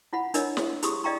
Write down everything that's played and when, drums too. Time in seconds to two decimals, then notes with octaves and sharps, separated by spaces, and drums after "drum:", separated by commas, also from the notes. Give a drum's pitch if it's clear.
0.13 E4 F4 F#5 B5
0.34 D4 E4 A#4 C#5 D#5, drum: hi-hat
0.57 drum: snare
0.82 E4 G4 G#4 C6 C#6 D#6, drum: hi-hat
1.04 D5 D#5 F5 G5 A#5 C#6